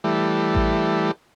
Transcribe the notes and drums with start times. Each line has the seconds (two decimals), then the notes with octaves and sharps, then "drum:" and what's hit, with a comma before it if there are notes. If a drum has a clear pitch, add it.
0.04 E3 G3 A3
0.55 drum: kick A1